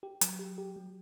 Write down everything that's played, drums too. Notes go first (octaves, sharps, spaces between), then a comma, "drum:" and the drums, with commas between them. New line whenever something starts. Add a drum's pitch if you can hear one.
G4
F#3, drum: hi-hat
G4
G4
F#3